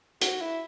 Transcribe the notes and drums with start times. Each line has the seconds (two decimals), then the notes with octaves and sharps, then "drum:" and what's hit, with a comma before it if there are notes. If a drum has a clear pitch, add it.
0.21 F#4, drum: hi-hat
0.41 E4